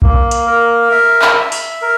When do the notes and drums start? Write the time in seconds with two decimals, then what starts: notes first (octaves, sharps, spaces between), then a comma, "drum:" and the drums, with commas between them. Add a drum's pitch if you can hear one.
0.02 A#3, drum: kick B1
0.31 drum: hi-hat
0.46 A#4
0.91 E5
1.22 drum: clap
1.36 E5
1.52 drum: open hi-hat
1.82 A#4